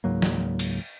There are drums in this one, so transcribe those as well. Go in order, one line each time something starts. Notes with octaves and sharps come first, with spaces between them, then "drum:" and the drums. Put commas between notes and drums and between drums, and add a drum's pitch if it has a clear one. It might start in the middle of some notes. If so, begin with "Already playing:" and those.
C#2 G#2 F#3 A#3
drum: snare
drum: cymbal